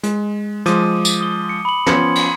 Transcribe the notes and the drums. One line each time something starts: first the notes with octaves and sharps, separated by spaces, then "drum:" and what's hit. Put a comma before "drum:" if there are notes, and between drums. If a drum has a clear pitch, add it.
G#3, drum: hi-hat
F3 G#3 D6 D#6 D#7, drum: hi-hat
drum: tambourine
D#6 G7
C#7
B5 F#7
F3 B3 C#4 C6 G#6 C#7, drum: snare
drum: cymbal